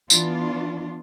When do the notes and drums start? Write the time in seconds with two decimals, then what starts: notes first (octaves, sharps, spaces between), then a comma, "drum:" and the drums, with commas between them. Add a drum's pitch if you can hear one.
0.10 E3 B3 D4 F4, drum: tambourine